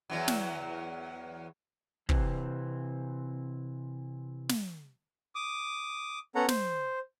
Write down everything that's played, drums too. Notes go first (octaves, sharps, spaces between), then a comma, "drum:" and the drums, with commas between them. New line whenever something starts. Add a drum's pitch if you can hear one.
E2 E3 F#3
drum: snare
C3 E3 C4, drum: kick
drum: snare
D6 D#6
B3 C#4 A4 C#5 F#5 A#5
C5, drum: snare